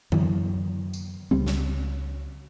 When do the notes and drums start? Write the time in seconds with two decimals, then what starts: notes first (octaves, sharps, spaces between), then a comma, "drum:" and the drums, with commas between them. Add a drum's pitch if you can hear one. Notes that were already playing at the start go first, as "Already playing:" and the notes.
0.12 F#2 E3, drum: tom D3
0.93 drum: tambourine
1.31 C#2 G3 C4
1.46 drum: snare